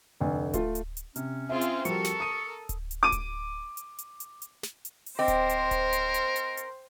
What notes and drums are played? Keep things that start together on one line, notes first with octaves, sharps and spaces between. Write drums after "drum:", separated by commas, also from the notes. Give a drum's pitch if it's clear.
F1 D2
A3 F4, drum: kick D1, hi-hat
drum: hi-hat
drum: hi-hat
C3 C#4, drum: hi-hat
C4 F4 G#4 E5
drum: hi-hat
F3 G3 F#4 A4 A#4 C#6, drum: hi-hat
drum: snare
D#6 D#7
drum: kick D1, hi-hat
drum: hi-hat
D6 D#7
drum: kick D1, hi-hat
drum: hi-hat
drum: hi-hat
drum: hi-hat
drum: hi-hat
drum: snare
drum: hi-hat
drum: open hi-hat
C4 A#4 C5 D#5 D6
drum: kick D1, hi-hat
drum: hi-hat
drum: kick D1, hi-hat
drum: hi-hat
drum: hi-hat
drum: hi-hat
drum: hi-hat